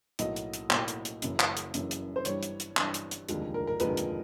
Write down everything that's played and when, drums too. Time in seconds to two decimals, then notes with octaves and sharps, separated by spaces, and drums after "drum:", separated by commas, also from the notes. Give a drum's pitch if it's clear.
0.19 B1 A2 F#3 A#3 D#5, drum: hi-hat
0.36 drum: hi-hat
0.54 drum: hi-hat
0.71 B1 A2 F#3 A#3, drum: clap
0.88 drum: hi-hat
1.05 drum: hi-hat
1.22 F#1 F#2 C#3 E3, drum: hi-hat
1.39 drum: clap
1.57 drum: hi-hat
1.74 F#1 F#2 C#3 E3, drum: hi-hat
1.91 drum: hi-hat
2.16 C5
2.25 G2 E3 G3 C#5, drum: hi-hat
2.43 drum: hi-hat
2.60 drum: hi-hat
2.77 G2 E3 G3, drum: clap
2.94 drum: hi-hat
3.11 drum: hi-hat
3.29 F1 D#2 D3 F3 G#3, drum: hi-hat
3.54 A#4
3.67 A#4
3.80 F1 D#2 D3 F3 G#3 B4, drum: hi-hat
3.97 drum: hi-hat